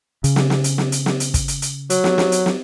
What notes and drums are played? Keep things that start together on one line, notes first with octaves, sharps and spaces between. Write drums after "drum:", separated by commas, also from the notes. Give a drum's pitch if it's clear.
C#3, drum: hi-hat
drum: snare
drum: snare
drum: hi-hat
drum: snare
drum: hi-hat
drum: snare
drum: hi-hat
drum: kick, hi-hat
drum: hi-hat
drum: hi-hat
F#3, drum: hi-hat
drum: snare
drum: snare
drum: hi-hat
drum: snare